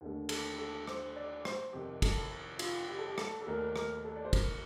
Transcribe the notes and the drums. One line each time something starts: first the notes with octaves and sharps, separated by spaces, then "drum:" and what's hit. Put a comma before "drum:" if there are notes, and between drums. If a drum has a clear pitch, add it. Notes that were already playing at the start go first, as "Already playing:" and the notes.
D#2 D3 A3
A4, drum: cymbal
A4
C5, drum: rim click
D5
C5, drum: rim click
F2 C3 D#3 G4
A4, drum: kick, cymbal
F4, drum: cymbal
G4
A4
G4
A4, drum: rim click
A4
D#2 D#3 A3 A#4
A#4, drum: rim click
A4
D5
C5
A#4, drum: kick, cymbal